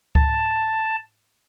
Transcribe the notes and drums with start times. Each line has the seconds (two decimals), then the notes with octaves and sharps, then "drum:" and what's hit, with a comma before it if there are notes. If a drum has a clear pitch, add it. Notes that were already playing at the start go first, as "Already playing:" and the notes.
0.15 A5, drum: kick C#2